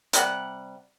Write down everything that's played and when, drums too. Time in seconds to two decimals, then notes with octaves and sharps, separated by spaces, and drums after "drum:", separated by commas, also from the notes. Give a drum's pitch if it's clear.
0.13 C3 G3 F#5, drum: hi-hat